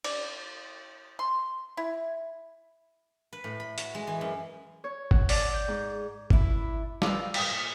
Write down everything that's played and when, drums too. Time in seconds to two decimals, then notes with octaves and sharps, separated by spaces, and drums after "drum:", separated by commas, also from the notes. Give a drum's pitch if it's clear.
0.04 D5, drum: cymbal
1.19 C6
1.77 E4
3.33 B4
3.44 A2
3.60 B5
3.78 F#4, drum: hi-hat
3.95 G#3
4.07 E3
4.21 F#2
4.84 C#5
5.11 F#5, drum: kick G1
5.29 D5, drum: open hi-hat
5.54 G6
5.68 G#2
6.30 D4 E4, drum: kick G1
7.02 D#3 G3 F4 B4 D5 F5 E6, drum: snare
7.34 A#2 G5 D#6, drum: cymbal